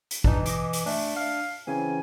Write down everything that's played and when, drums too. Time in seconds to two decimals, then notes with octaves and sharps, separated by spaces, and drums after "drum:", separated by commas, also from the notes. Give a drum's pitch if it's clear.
0.11 drum: hi-hat
0.24 E3 D4 D#4, drum: kick G#1
0.46 D#5 D6, drum: hi-hat
0.73 drum: hi-hat
0.86 A3 D4, drum: open hi-hat
1.16 F5
1.67 C#3 E3 C4 G#5